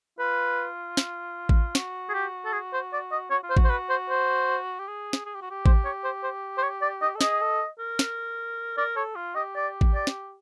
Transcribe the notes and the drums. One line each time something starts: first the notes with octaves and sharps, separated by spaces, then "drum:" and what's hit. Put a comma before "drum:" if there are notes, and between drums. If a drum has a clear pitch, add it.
F4 B4
drum: snare
drum: kick A1
F#4, drum: snare
G#4
G4
A4
G#4
C5
D5
D#5
F#4 C#5
F4
C5
F#4, drum: kick A1
C5
B4
C5
C5
G4
G#4
drum: snare
G#4
G4
F#4
G4
C5, drum: kick A1
C#5
C5
C5
C5
C#5
D5
D#5
A4
G#4 D#5, drum: snare
A4
A#4
drum: snare
A#4 D5
A4 C#5
F4
G4 D#5
D5
drum: kick A1
D5
drum: snare